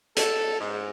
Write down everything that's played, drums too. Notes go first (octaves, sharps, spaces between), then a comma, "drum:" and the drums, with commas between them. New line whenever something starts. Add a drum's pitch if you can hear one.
A4, drum: hi-hat
G#2